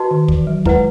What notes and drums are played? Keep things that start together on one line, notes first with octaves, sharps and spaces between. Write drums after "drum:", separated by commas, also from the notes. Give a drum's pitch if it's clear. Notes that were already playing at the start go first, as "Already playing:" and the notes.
Already playing: F#4 B4 D#5 A5
D#3
E3, drum: kick
F#3
G#3 E4 B4 F#5, drum: kick